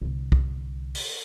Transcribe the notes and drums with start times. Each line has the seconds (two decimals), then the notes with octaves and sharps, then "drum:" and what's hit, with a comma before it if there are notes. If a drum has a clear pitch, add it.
0.02 C2 D3
0.32 drum: kick
0.95 drum: open hi-hat